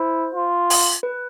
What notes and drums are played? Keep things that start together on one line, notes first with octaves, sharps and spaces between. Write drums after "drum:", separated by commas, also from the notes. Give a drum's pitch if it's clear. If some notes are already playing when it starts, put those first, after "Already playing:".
Already playing: E4 C5
F4
drum: open hi-hat
B4